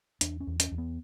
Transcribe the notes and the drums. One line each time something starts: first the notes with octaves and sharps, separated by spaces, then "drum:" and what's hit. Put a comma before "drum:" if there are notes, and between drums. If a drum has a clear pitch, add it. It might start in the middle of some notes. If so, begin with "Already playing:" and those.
E2 D4, drum: hi-hat
C#4
E2
C#4, drum: hi-hat
E2
B3